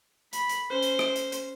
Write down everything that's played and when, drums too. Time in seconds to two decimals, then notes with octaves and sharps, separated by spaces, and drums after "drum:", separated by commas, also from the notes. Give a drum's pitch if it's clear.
0.33 B5, drum: hi-hat
0.49 drum: hi-hat
0.70 C#4 C5
0.83 drum: hi-hat
0.99 drum: rim click
1.16 drum: hi-hat
1.32 drum: hi-hat